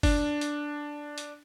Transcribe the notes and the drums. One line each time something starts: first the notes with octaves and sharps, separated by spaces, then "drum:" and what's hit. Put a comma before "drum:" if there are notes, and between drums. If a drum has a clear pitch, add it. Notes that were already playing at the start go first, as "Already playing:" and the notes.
D4, drum: kick F#1, open hi-hat
drum: hi-hat
drum: hi-hat